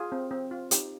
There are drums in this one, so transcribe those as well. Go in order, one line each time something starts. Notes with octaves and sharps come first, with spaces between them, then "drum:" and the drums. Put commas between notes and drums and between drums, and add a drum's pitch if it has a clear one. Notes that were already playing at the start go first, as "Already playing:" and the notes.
Already playing: F4 G#4
C4
C4
F4
D#4 G4, drum: hi-hat